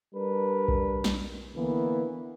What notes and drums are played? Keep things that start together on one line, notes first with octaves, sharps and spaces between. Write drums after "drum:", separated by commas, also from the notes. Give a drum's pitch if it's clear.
G3 D4 A#4 B4
drum: kick B1
drum: snare
D3 E3 A#3 B3